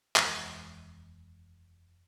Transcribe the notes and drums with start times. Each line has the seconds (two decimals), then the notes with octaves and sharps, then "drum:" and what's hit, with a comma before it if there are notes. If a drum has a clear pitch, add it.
0.16 F1 D#2 E3 G#3, drum: clap